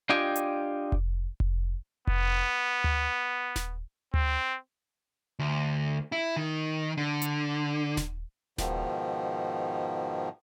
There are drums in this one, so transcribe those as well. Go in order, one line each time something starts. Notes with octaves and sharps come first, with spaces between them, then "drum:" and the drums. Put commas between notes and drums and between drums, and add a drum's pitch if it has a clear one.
D4 F4 G4 D#5 G5 G#5
drum: hi-hat
drum: kick F1
drum: kick F1
B3, drum: kick F1
drum: tom D2
drum: snare D#1
C4, drum: tom D2
D2
E4
D#3
D3
drum: hi-hat
drum: snare D#1
G#2 B2 D#3 F3, drum: snare D#1